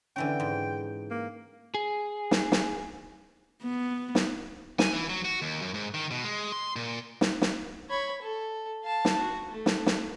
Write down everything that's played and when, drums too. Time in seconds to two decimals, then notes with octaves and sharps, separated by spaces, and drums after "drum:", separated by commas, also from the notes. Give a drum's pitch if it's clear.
0.16 D3 E3 C#4 G5
0.40 G#2
1.11 A#3
1.74 G#4
2.31 drum: snare
2.52 drum: snare
3.63 B3
4.15 drum: snare
4.79 G#5, drum: snare
4.92 E3
5.10 F#3
5.25 F#4
5.42 D#2
5.62 F#2
5.74 G#2
5.94 D#3
6.11 B2
6.24 G#3
6.52 C6
6.76 A#2
7.21 drum: snare
7.42 drum: snare
7.90 C#5 B5
8.22 A4
8.84 F5 A5
9.05 drum: snare
9.18 F#4
9.51 A3
9.66 drum: snare
9.86 drum: snare